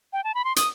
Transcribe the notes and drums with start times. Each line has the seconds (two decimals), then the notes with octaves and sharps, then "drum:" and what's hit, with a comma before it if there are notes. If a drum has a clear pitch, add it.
0.13 G5
0.24 A5
0.35 B5
0.45 C6
0.56 D#6, drum: hi-hat